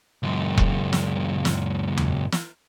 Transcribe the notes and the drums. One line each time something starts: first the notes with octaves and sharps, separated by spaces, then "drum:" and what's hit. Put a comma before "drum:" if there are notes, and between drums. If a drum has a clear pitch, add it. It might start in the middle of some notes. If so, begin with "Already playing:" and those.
C#2 F#2
drum: kick E1
drum: snare
drum: snare
drum: tom E2
drum: snare